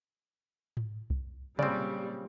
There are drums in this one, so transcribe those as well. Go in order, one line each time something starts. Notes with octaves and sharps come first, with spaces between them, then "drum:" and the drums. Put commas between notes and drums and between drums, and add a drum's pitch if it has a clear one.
drum: tom G#2
drum: kick C2
A#2 C#3 F#3 G3 C4 D5, drum: tom C3